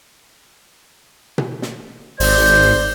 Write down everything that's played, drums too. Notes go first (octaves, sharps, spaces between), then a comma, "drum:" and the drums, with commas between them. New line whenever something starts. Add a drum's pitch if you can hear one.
drum: tom B2
drum: snare
G#1 C5 D5 G6, drum: open hi-hat